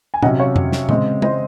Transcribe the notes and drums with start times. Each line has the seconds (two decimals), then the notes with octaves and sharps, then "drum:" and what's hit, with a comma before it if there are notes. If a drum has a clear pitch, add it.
0.14 G#5
0.23 C3 F#3 C#4 D#5 F#5, drum: tom A#2
0.40 C#5 F5
0.56 drum: tom F2
0.72 drum: snare
0.89 C#3 G#3 C4, drum: tom A#2
1.22 C5 D#5, drum: tom G#3